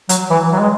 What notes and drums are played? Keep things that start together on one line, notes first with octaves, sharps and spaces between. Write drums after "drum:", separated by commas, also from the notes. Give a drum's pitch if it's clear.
F#3, drum: hi-hat
E3
F#3
G#3